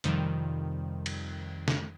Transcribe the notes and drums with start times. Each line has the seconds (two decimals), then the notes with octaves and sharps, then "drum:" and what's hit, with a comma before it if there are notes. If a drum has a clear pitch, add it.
0.04 F2 C3 D#3 F3 G3, drum: hi-hat
1.06 drum: cymbal
1.68 drum: snare